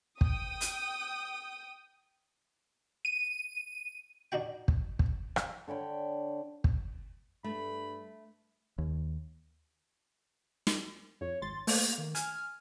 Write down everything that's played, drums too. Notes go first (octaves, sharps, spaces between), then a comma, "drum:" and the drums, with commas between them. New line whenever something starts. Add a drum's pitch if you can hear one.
G5 D#6, drum: kick
drum: hi-hat
D#7
D4 D#4 F#4 G5
drum: kick
drum: kick
drum: rim click
D3 C#5 G5 B5
drum: kick
G2 A3 B5
D#2
drum: snare
F2 C#5
G#1 C6 A6
A3 A#3, drum: open hi-hat
D#3
G#5 F6, drum: hi-hat